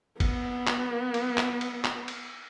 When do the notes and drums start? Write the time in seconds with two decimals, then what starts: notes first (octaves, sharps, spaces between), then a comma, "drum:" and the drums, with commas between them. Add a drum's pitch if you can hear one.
0.20 B3, drum: kick F#1, cymbal
0.67 drum: clap
1.14 drum: cymbal
1.38 drum: clap
1.61 drum: cymbal
1.85 drum: clap
2.08 drum: cymbal